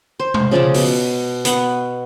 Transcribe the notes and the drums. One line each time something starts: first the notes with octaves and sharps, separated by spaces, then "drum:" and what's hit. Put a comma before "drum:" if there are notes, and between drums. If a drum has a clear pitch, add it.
C5
drum: tom
C#3 F3 D5 A5
B2, drum: open hi-hat
B3 F#5 C#6, drum: hi-hat